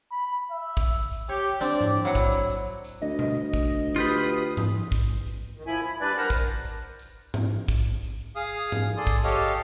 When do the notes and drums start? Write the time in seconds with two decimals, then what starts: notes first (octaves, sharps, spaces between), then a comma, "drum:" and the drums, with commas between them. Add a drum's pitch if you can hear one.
0.12 B5
0.51 E5
0.77 drum: kick, tambourine
1.11 drum: tambourine
1.29 G4 C#5
1.46 drum: tambourine
1.60 C4 D4 D5
1.81 drum: tom G#2
2.05 F#3 E4 F#5
2.15 drum: kick, tambourine
2.50 drum: tambourine
2.84 drum: tambourine
3.02 D2 D#5
3.19 drum: tom B2
3.54 drum: kick, tambourine
3.96 F4 G4 B4 D#6
4.23 drum: tambourine
4.57 drum: tom G#2
4.92 drum: kick, tambourine
5.26 drum: tambourine
5.55 D#3
5.67 F3 E4 G#5 B5
5.86 B5
6.01 G3 D4 B4 D5
6.17 A#4 C5 F#5 A#5
6.30 drum: kick, tambourine
6.65 drum: tambourine
6.99 drum: tambourine
7.34 drum: tom G#2
7.68 drum: kick, tambourine
8.03 drum: tambourine
8.36 G#4 F5 D#6, drum: tambourine
8.72 drum: tom G#2
8.97 G#4 A4 D5 C6 D#6
9.07 drum: kick, tambourine
9.24 G4 A4 C#5 D#5 F5
9.41 drum: tambourine